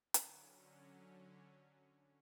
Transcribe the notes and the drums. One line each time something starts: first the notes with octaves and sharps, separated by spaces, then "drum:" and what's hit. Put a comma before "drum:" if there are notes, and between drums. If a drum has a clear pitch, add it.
D3 F#3 C#4, drum: hi-hat